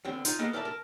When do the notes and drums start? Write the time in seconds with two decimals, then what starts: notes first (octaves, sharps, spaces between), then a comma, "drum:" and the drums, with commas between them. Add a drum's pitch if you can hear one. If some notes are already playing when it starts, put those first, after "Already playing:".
0.05 E2 D3 C4
0.25 D#4 F4, drum: hi-hat
0.39 A#3 B3 G#4 A4 D#5 F5
0.53 A4 A#4 D5 E5 F5 A5
0.65 A#4 A5